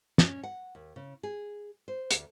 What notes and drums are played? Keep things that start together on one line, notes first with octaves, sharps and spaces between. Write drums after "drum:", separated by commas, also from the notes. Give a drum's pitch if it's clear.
C#4, drum: snare
F#5
D#2
C#3
G#4
C5
D2, drum: hi-hat